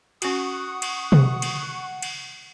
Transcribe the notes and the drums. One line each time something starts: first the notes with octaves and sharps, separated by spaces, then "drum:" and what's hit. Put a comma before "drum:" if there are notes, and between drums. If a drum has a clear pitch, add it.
C#4 F#4 F#5 C#6 D#6, drum: cymbal
drum: cymbal
drum: tom
drum: cymbal
drum: cymbal